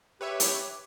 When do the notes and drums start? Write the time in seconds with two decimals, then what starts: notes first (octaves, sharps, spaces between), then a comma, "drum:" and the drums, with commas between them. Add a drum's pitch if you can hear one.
0.21 G4 B4 C#5 E5
0.40 drum: hi-hat